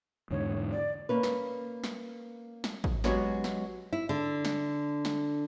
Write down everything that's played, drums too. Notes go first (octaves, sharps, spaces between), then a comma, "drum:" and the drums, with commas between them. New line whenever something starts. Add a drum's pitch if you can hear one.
E2 G#2 D3 C#5
D5
A#3 C#4 B4
drum: snare
drum: snare
drum: snare
drum: kick
F#3 G#3 B3 C#4 F#4 G4, drum: snare
drum: snare
E4
D3
drum: snare
drum: snare